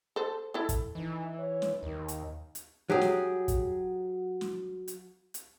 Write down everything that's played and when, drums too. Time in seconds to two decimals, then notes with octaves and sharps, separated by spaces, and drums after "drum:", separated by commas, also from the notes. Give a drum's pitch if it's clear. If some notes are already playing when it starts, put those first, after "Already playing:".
0.16 A4 C5
0.54 E4 A4
0.69 drum: kick, hi-hat
0.95 E3 D#4
1.39 C#5
1.62 drum: snare
1.83 D#2 D#3
2.08 drum: hi-hat
2.55 drum: hi-hat
2.90 F#3 G4 G#4
3.01 drum: snare
3.48 drum: kick, hi-hat
4.41 drum: snare
4.88 drum: hi-hat
5.34 drum: hi-hat